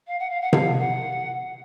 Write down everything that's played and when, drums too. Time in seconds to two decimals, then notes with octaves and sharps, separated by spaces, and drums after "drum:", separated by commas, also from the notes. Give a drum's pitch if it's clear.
0.07 F5
0.19 F#5
0.30 F5
0.41 F#5
0.53 F5, drum: tom C3
0.80 F#5